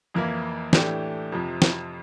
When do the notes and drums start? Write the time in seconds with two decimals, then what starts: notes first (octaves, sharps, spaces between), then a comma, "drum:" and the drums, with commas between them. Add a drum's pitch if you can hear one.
0.14 F2 E3 A#3 E4
0.73 A2 E3 A3 D4 G4, drum: snare
1.32 F2 C3 F3
1.62 drum: snare